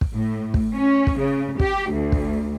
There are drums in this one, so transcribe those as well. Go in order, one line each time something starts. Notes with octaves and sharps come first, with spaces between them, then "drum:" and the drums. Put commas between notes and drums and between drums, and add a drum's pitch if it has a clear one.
drum: kick
A2
drum: kick
C#4
drum: kick
C#3
G4, drum: kick
D2
drum: kick